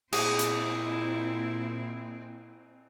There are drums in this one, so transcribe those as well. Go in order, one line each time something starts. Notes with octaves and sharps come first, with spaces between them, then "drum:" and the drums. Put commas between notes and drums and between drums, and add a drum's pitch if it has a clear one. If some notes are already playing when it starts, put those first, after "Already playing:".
A#2 C4 E4 G#4, drum: cymbal
drum: hi-hat